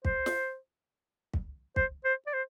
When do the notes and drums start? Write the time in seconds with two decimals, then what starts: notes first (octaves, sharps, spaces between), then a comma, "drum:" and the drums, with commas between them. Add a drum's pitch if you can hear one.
0.05 C5, drum: kick
0.26 drum: snare
1.34 drum: kick
1.76 C5, drum: kick
2.05 C5
2.27 D5
2.33 C5